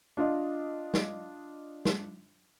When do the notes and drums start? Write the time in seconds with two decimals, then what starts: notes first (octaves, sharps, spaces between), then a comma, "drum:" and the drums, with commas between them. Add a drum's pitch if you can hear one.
0.17 D4 F4 D#5
0.94 drum: snare
1.85 drum: snare